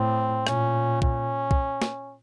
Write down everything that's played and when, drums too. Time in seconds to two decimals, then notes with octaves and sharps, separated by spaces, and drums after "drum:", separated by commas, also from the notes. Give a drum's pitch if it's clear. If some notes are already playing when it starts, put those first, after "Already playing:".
Already playing: A2 C4
0.47 A#2 C#4, drum: rim click
1.02 C#4, drum: kick B1
1.51 drum: kick B1
1.82 drum: snare